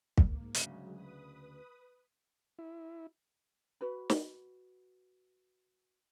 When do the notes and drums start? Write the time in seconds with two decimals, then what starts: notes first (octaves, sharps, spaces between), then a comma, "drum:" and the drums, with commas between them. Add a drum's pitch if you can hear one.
0.18 G#2 A#3, drum: kick
0.54 D2 C#3 F#3 G#3, drum: hi-hat
0.92 B4 D#6
2.59 E4
3.81 F#4 B4 B5
4.10 drum: snare